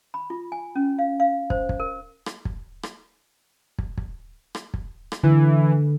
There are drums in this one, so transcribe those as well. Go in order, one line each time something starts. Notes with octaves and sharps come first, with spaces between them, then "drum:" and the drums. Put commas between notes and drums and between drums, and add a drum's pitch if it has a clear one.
B5
F4
G#5
C#4
F5
F5
C5, drum: kick
drum: kick
A#4
drum: rim click
drum: kick
drum: rim click
drum: kick
drum: kick
drum: rim click
drum: kick
drum: rim click
D3 E3